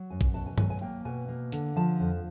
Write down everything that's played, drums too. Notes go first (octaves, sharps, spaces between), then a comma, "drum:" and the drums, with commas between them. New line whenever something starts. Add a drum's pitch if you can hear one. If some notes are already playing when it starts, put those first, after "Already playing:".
Already playing: F#3
F#2 G#5
drum: kick
B2 A5
G#5
F#3 G#5, drum: tom G2
G#5
A#3 G5
B2 G#5
A#3
D3, drum: hi-hat
F3 A5
F2